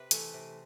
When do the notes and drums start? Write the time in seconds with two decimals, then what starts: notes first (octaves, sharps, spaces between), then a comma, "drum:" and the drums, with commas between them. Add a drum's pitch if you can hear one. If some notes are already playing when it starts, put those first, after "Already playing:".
Already playing: C3 B4
0.11 E3 A3, drum: hi-hat
0.34 C3